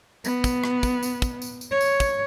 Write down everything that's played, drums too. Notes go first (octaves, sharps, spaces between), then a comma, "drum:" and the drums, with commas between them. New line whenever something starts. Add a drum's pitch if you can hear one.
B3, drum: tambourine
drum: kick, tambourine
drum: rim click
drum: kick, tambourine
drum: tambourine
drum: kick, tambourine
drum: tambourine
drum: tambourine
C#5
drum: tambourine
drum: kick, tambourine